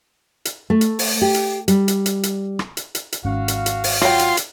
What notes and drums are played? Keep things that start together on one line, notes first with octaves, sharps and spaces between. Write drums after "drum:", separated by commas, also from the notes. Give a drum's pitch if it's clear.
drum: hi-hat
A3
drum: hi-hat
drum: open hi-hat
G4
drum: hi-hat
G3, drum: hi-hat
drum: hi-hat
drum: hi-hat
drum: hi-hat
drum: rim click
drum: hi-hat
drum: hi-hat
drum: hi-hat
G#1 G#2 C#4 F#4 F5
drum: hi-hat
drum: hi-hat
drum: open hi-hat
F#3 F4 G5 C6, drum: rim click
drum: hi-hat
drum: hi-hat